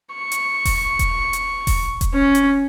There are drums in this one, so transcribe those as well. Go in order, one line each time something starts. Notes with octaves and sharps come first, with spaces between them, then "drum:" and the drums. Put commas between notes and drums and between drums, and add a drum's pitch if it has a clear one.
C#6
drum: hi-hat
drum: kick E1, open hi-hat
drum: kick E1, hi-hat
drum: hi-hat
drum: kick E1, open hi-hat
drum: kick E1, hi-hat
C#4
drum: hi-hat